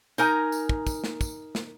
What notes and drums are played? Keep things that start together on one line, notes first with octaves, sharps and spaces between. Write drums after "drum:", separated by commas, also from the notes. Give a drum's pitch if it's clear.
D#4 A#4 G#5, drum: tambourine
drum: tambourine
drum: kick
drum: kick, tambourine
drum: snare
drum: kick, tambourine
drum: snare